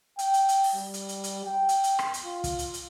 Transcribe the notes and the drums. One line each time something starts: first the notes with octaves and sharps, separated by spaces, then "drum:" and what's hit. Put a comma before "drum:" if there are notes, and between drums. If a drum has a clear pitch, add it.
G5, drum: hi-hat
drum: hi-hat
drum: hi-hat
drum: open hi-hat
G3
drum: hi-hat
drum: hi-hat
drum: hi-hat
G5
drum: hi-hat
drum: hi-hat
drum: rim click
drum: hi-hat
F4
drum: kick, hi-hat
drum: hi-hat
drum: hi-hat